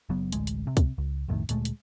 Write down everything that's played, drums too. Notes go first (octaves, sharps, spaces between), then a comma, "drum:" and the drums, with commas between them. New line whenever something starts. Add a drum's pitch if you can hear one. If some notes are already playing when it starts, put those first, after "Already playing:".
F#1 C#3 F#3 B3
A1 D2 G#3, drum: hi-hat
drum: hi-hat
C3
drum: kick, hi-hat
C#2
B1 F2 A2 D#3
D2 A#2 G#3 A3, drum: hi-hat
drum: hi-hat